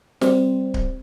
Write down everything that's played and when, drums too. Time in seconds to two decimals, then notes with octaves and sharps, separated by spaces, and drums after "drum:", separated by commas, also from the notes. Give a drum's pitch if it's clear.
0.21 G3 C4, drum: snare
0.74 drum: kick D1